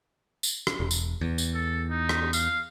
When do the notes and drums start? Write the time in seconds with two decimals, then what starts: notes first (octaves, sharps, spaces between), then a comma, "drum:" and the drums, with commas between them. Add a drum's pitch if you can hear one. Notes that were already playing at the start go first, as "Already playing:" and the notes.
0.43 drum: tambourine
0.67 drum: rim click
0.80 E1
0.91 drum: tambourine
1.21 E2
1.38 drum: tambourine
1.54 A4
1.90 D#4
2.09 drum: rim click
2.33 F5, drum: tambourine